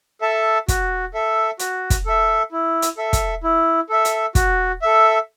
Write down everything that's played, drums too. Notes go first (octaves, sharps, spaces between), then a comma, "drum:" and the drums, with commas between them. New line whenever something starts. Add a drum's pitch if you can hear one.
A4 E5 A5
F#4, drum: kick, hi-hat
A4 E5
F#4, drum: hi-hat
drum: kick, hi-hat
A4 E5
E4
drum: hi-hat
A4 E5
drum: kick, hi-hat
E4
A4 E5
drum: hi-hat
F#4, drum: kick, hi-hat
A4 E5